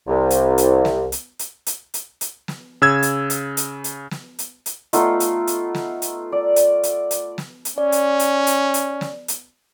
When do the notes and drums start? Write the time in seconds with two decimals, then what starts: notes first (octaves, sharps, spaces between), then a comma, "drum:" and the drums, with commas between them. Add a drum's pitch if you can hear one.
0.08 C2
0.30 drum: hi-hat
0.58 drum: hi-hat
0.85 drum: snare
1.12 drum: hi-hat
1.39 drum: hi-hat
1.66 drum: hi-hat
1.94 drum: hi-hat
2.21 drum: hi-hat
2.48 drum: snare
2.82 C#3 E6 G#6
3.03 drum: hi-hat
3.30 drum: hi-hat
3.57 drum: hi-hat
3.84 drum: hi-hat
4.11 drum: snare
4.39 drum: hi-hat
4.66 drum: hi-hat
4.93 A3 B3 D#4 F4, drum: hi-hat
5.20 drum: hi-hat
5.47 drum: hi-hat
5.75 drum: snare
6.02 drum: hi-hat
6.32 D5
6.56 drum: hi-hat
6.83 drum: hi-hat
7.11 drum: hi-hat
7.38 drum: snare
7.65 drum: hi-hat
7.78 C#4 D5
7.92 drum: hi-hat
8.19 drum: hi-hat
8.47 drum: hi-hat
8.74 drum: hi-hat
9.01 drum: snare
9.28 drum: hi-hat